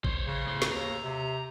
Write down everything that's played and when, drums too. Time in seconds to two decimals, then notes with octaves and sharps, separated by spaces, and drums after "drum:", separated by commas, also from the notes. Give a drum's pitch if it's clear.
0.04 C5 C#5, drum: kick
0.27 C#3
0.47 A2 C5
0.62 drum: snare
0.72 D#2 A#5
1.04 C3